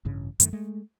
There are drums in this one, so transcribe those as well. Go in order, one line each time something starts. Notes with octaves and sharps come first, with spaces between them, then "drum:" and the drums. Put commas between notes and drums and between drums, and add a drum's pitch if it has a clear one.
A1 G2 C#3
F#2 D#3 A3, drum: hi-hat
G#3 A3